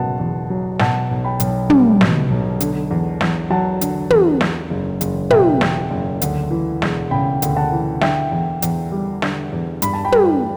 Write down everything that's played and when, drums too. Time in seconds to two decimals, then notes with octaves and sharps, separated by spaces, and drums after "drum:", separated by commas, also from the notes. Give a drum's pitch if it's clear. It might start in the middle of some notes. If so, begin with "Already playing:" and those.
Already playing: F#1 B2 F#5 A5
0.20 E2
0.50 F#3
0.79 B2 F#5 A5, drum: snare
1.11 B1
1.25 G5 B5
1.40 B1, drum: hi-hat
1.70 G3, drum: tom
2.01 B2, drum: snare
2.30 B1
2.60 D3, drum: hi-hat
2.91 E2
3.21 E2, drum: snare
3.50 F#3 F#5 A5
3.81 D3, drum: hi-hat
4.10 E2, drum: tom
4.41 E2, drum: snare
4.70 F#1
5.01 F#1, drum: hi-hat
5.30 B2 E5 G5, drum: tom
5.61 E2, drum: snare
5.91 F#1
6.22 D2, drum: hi-hat
6.51 E3
6.82 E1, drum: snare
7.11 C#3 G5 B5
7.42 D2, drum: hi-hat
7.56 F#5 A5
7.72 E3
8.01 D3 E5 G5, drum: snare
8.32 E2
8.62 E2, drum: hi-hat
8.92 G3
9.22 D3, drum: snare
9.52 E2
9.82 G2 B5, drum: hi-hat
9.93 A5
10.05 G5 B5
10.12 G3, drum: tom